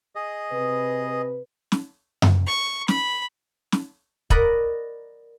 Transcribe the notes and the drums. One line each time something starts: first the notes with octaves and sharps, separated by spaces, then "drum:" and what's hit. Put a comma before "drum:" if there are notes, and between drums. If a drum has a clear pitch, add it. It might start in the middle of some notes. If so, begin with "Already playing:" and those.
G#4 D#5
C3 B4
drum: snare
drum: tom F#2
C#6
B5, drum: snare
drum: snare
A#4 D5 D#5 F#5 B5, drum: kick